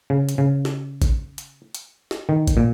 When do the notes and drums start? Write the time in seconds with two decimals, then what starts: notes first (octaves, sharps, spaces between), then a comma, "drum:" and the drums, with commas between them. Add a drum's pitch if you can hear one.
0.10 C#3
0.29 drum: hi-hat
0.38 C#3
0.65 drum: snare
1.02 drum: kick G#1, hi-hat
1.38 drum: hi-hat
1.75 drum: hi-hat
2.11 drum: snare
2.29 D#3
2.47 drum: kick G#1, hi-hat
2.57 A#2